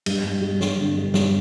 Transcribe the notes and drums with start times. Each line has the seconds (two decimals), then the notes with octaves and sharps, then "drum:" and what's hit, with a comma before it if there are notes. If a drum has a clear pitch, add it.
0.06 G2, drum: cymbal
0.24 G2
0.41 G3
0.61 G2, drum: snare
0.78 D3
0.96 G2
1.14 G2, drum: snare